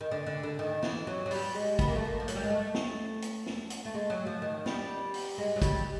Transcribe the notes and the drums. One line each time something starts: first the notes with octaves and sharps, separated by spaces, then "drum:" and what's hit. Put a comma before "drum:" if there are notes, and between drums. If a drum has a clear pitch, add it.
D#3
D3
D3
D3
D#3
E3, drum: snare
F#3
F#3
G3, drum: open hi-hat
G#3
B3, drum: kick, hi-hat
A#3
A3
A#3
F3
F#3, drum: hi-hat
G3
G#3
A3
drum: snare
drum: hi-hat
drum: snare
drum: hi-hat
A3
G#3
F#3
F3
D#3
G3, drum: snare
drum: open hi-hat
G#3
F#3
G3, drum: kick, hi-hat